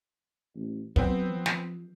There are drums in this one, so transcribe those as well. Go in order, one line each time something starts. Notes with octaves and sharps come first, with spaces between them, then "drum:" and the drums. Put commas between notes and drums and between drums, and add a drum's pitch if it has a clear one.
A1
F#3 B3 C4, drum: kick
F3
drum: snare